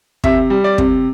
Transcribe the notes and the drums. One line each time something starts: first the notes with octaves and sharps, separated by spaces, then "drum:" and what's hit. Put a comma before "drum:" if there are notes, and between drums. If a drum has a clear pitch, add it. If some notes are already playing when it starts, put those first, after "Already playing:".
C3 E5, drum: kick
G3
D5
C3, drum: kick